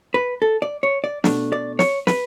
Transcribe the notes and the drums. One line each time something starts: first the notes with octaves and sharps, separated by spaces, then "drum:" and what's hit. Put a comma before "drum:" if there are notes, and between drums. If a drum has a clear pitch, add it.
B4
A4
D5
C#5
D5
B2 A3 D4, drum: snare
D5
C#5, drum: snare
B4, drum: snare